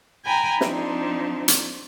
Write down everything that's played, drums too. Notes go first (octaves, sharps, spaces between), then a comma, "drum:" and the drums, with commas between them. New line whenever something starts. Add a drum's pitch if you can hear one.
G5 G#5 A#5 B5
F3 C4 D4 D#4, drum: snare
drum: hi-hat